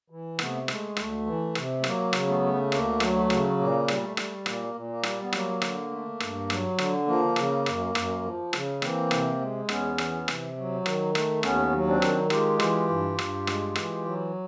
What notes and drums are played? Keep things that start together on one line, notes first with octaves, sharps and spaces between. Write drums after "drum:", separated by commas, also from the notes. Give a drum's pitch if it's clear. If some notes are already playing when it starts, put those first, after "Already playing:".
E3
C3 A3 B3, drum: rim click
G#3 A3, drum: rim click
D2 A3, drum: rim click
E3
C3, drum: rim click
A3
F#3 A#3, drum: rim click
C#3, drum: rim click
A3 B3
A3
D2 A#3, drum: rim click
F#3, drum: rim click
A3
C#3, drum: rim click
A#2 A#3
G3, drum: rim click
A3
G3, drum: rim click
A#2 A#3, drum: rim click
A#2
A#3
G3, drum: rim click
B3
F#3 A#3, drum: rim click
D3, drum: rim click
A3
G2, drum: rim click
F#3, drum: rim click
D3, drum: rim click
F3 A#3
C#3, drum: rim click
F#2, drum: rim click
F#2, drum: rim click
F3
C#3, drum: rim click
E3 A#3 C4, drum: rim click
C3, drum: rim click
G#3
E2 B3 C#4, drum: rim click
E3, drum: rim click
C3, drum: rim click
F#3
D#3, drum: rim click
A3, drum: rim click
D#2 B3 C#4, drum: rim click
F#3
C4 D4
D#3, drum: rim click
G#3 F4 G4, drum: rim click
E3, drum: rim click
G2
G2, drum: rim click
G#3, drum: rim click
E3, drum: rim click
F#3